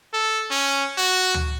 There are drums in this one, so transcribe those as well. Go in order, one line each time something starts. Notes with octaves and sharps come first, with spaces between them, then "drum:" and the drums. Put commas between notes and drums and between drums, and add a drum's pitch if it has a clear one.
A4
C#4
F#4
drum: tom D2